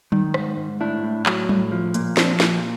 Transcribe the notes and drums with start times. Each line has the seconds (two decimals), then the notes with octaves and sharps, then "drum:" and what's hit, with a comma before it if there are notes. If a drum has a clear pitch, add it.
0.12 D#3, drum: tom F#3
0.34 G#2, drum: rim click
0.57 G#2
0.81 A2 D4 E4
1.04 A2
1.26 F#3, drum: clap
1.49 A2, drum: tom F#3
1.72 F3
1.94 A#2, drum: hi-hat
2.17 F3 C4 D4, drum: snare
2.40 A#2, drum: snare